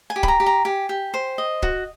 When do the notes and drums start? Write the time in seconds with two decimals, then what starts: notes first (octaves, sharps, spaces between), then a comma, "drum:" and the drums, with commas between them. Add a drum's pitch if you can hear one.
0.10 G#5
0.16 G4
0.23 B5, drum: kick
0.28 A#5
0.40 G4
0.46 A#5
0.65 G4 G#5
0.89 G4
1.14 C5
1.38 D#5
1.62 F#4, drum: kick